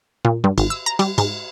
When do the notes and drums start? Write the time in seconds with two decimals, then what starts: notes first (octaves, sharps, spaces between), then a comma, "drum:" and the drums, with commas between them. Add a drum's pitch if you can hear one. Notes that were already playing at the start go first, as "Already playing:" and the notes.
0.25 A#2
0.44 G2
0.58 G#1, drum: cymbal
0.70 E6
0.86 A#5
0.99 G3, drum: cymbal
1.18 G#2, drum: cymbal